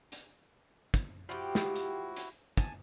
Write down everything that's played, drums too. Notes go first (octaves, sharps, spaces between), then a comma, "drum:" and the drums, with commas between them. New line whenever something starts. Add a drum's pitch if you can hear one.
drum: hi-hat
drum: kick, hi-hat
F3 E4 F#4 G4
drum: snare
drum: hi-hat
drum: hi-hat
G#5 A5, drum: kick, hi-hat